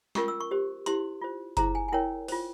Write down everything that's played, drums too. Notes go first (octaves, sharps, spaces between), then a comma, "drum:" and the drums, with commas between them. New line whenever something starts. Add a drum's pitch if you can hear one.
C#4 F4 A#4 C#6, drum: snare
E6
C#6
G4 C5
E4 G4 C5 C6, drum: hi-hat
F4 C5
E4 G#4 C5 A#5, drum: kick F#1, hi-hat
G#5
G#5
E4 A#4 C#5 G5
F4 C5, drum: open hi-hat